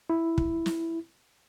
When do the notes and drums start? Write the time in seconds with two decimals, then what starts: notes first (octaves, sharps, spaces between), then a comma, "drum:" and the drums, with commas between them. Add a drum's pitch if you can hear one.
0.10 E4
0.38 drum: kick
0.66 drum: snare